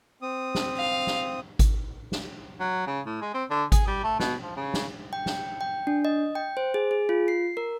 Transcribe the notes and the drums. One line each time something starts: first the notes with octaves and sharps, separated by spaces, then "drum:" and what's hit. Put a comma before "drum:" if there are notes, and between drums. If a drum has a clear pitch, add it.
C4 D#6
drum: snare
F5
drum: snare
drum: kick G#1, hi-hat
drum: snare
F#3
C#3
A2
G#3
C4
D3
G#4, drum: kick G#1, hi-hat
G3
A3
B2, drum: snare
F3
C#3
drum: snare
G5
drum: snare
G5
D4
D#5
G5
C5
G#4
G#4
F4
C7
A#4